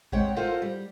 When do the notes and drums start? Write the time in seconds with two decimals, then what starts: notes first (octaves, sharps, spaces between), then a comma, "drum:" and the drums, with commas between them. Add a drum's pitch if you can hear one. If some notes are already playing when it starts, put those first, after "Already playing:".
0.12 C3 G#3 C#5 F#5 G5, drum: kick G#1
0.36 F4 A4 A#4 C5 F5 F#5
0.62 G3